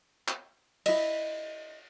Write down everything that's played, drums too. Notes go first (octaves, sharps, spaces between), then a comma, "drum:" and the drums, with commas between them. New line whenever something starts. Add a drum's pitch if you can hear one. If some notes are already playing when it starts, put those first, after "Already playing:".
drum: clap
E4 D#5, drum: cymbal